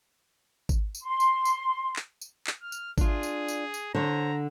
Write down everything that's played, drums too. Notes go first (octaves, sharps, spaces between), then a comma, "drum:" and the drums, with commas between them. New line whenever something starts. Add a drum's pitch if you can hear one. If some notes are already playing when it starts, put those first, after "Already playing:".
drum: kick G#1, tambourine
drum: tambourine
C6
drum: tambourine
drum: tambourine
drum: clap
drum: tambourine
drum: clap
F6
drum: tambourine
D4 F4 G#4, drum: kick G#1, tambourine
drum: tambourine
drum: tambourine
drum: tambourine
D3 C5 C#5 A#5